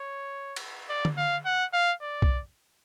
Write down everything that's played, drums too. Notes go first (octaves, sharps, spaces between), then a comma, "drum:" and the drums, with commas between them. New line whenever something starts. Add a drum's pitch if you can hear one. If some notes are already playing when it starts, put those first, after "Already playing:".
Already playing: C#5
drum: cymbal
D5
drum: tom D3
F5
F#5
F5
D5
drum: kick C2